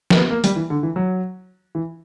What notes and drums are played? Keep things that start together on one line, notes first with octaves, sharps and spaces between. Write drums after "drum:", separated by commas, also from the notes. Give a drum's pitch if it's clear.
A#3, drum: snare
B3
A#3
G3, drum: hi-hat
E3
D3
E3
F#3
E3